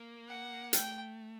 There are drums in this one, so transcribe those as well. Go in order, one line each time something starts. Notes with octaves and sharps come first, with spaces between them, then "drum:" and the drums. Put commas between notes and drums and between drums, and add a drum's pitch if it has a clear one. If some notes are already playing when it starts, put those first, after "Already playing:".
Already playing: A#3
F#5
A3 G5, drum: hi-hat